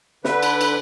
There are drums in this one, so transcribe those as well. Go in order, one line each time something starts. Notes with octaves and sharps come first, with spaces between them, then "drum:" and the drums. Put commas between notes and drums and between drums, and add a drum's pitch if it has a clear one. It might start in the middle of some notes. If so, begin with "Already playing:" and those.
D3 B4, drum: snare
drum: cymbal
drum: cymbal